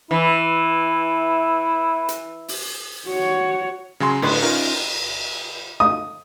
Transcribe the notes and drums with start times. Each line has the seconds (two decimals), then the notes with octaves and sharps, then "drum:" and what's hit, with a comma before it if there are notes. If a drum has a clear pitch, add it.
0.11 E3 E4
2.09 drum: hi-hat
2.48 drum: open hi-hat
3.08 F#4 C#5
4.00 C#3 F#3 G#5 C6
4.22 A2 D3 B4 C6 F#6, drum: cymbal
4.42 C#4 D#4 F4 A#4
5.80 D#6